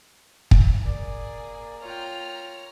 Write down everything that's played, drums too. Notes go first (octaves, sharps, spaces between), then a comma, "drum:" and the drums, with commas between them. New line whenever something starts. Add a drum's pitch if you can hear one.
drum: kick
A#3 G#4 D5
F4 C#5 G5 A#5 F6